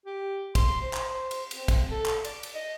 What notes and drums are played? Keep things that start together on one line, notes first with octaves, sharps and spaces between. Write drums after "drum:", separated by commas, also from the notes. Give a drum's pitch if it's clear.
G4
C6, drum: kick, cymbal
C5
drum: clap
C5
drum: cymbal
C4, drum: cymbal
drum: kick, cymbal
A4
drum: clap
D5, drum: cymbal
drum: cymbal
D#5